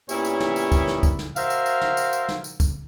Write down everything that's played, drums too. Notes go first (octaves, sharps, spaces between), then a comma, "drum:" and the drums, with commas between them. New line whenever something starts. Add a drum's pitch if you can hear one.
A#2 B3 C#4 E4 G4 C#5, drum: tambourine
drum: tambourine
drum: snare
drum: tambourine
drum: kick, tambourine
drum: snare
drum: kick, tambourine
drum: snare
F#4 A#4 C5 E5 F5, drum: tambourine
drum: tambourine
drum: tambourine
drum: snare
drum: tambourine
drum: tambourine
drum: snare
drum: tambourine
drum: kick, tambourine